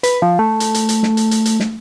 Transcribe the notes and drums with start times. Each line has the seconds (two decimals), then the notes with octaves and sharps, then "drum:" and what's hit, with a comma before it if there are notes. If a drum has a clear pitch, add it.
0.03 B4, drum: hi-hat
0.22 F3
0.39 A3
0.60 drum: hi-hat
0.74 drum: hi-hat
0.89 drum: hi-hat
1.03 drum: snare
1.17 drum: hi-hat
1.31 drum: hi-hat
1.45 drum: hi-hat
1.60 drum: snare